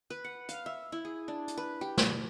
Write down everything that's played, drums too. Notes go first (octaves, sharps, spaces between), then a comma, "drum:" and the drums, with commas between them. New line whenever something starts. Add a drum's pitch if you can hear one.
B4
F#5
F5, drum: hi-hat
E5
E4
G#4
D4
drum: hi-hat
B4
G4
drum: snare